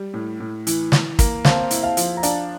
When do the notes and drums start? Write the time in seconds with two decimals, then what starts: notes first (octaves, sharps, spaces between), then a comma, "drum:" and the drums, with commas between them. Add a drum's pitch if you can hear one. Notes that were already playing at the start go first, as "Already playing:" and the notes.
Already playing: G3
0.14 A2
0.40 A2
0.67 E3, drum: hi-hat
0.92 E3, drum: snare
1.19 A#3, drum: kick, hi-hat
1.45 C4 F5 A5, drum: snare
1.71 E4, drum: hi-hat
1.83 F5 A5
1.97 F3, drum: hi-hat
2.17 A#5
2.23 D4 F5 A5, drum: hi-hat